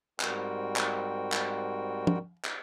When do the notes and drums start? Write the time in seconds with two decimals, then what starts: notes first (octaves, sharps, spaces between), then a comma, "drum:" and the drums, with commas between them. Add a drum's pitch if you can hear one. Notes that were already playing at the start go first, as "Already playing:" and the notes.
0.20 G#2 G3 C4 F#4 A#4 G5, drum: clap
0.76 drum: clap
1.32 drum: clap
2.07 drum: tom
2.45 drum: clap